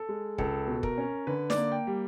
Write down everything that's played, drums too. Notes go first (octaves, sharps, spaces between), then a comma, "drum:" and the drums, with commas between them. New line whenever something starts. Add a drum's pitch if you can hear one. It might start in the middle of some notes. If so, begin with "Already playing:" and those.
Already playing: A4
G#3
C#2 A4, drum: kick
B2
A#4, drum: kick
C#4
D3 B4
D5, drum: snare D#4
A#3
G5
G3